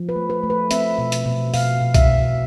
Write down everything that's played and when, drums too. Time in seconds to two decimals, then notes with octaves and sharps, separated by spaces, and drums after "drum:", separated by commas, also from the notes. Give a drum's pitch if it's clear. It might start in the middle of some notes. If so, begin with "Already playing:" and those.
Already playing: F3
0.09 B4
0.16 A3
0.30 B4
0.43 A3
0.50 B4
0.71 C4 E5, drum: hi-hat
0.98 B2
1.12 drum: hi-hat
1.26 B2
1.54 B2 F5, drum: open hi-hat
1.81 B2
1.94 E5, drum: kick C2, hi-hat
2.09 B2